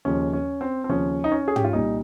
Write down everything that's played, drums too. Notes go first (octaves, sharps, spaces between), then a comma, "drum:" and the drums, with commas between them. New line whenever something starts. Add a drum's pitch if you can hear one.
D#2 C#3 F3 C#4
C#4
C4
C4
D#2 C#3 F3 C#4
D#4
C#4
G#4
G4, drum: tom
F4
C2 A#2 G3 D#4